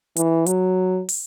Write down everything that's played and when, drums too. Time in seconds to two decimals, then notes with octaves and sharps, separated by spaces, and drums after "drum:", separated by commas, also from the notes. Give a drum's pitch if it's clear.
0.16 E3, drum: hi-hat
0.46 F#3, drum: hi-hat
1.09 drum: open hi-hat